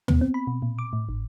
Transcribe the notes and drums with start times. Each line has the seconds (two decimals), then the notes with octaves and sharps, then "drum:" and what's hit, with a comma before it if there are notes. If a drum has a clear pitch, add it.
0.08 B3, drum: tom
0.21 C4
0.34 B5
0.47 B2
0.62 A#2
0.79 D6
0.93 A2
1.09 G#1